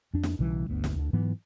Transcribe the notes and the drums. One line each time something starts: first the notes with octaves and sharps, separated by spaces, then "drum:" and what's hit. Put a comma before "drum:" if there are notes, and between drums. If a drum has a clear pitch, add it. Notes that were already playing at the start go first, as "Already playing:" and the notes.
F2 D4
drum: snare
B1 C#3 E3 G3
G1 D2 B3
drum: snare
D2 D3
G#2 E3 F#3 B3